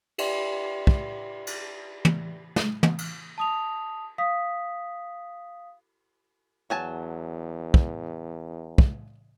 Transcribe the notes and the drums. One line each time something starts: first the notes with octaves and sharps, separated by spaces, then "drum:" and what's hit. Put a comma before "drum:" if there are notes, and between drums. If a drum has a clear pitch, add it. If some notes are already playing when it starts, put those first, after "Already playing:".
G4 B4 D5 E5 G5 C6, drum: cymbal
drum: kick
drum: cymbal
drum: tom
drum: snare
drum: tom
drum: cymbal
A5 D#6 F7
F5 D#6 B6
E2 F#3 G#5 A5
drum: kick
drum: kick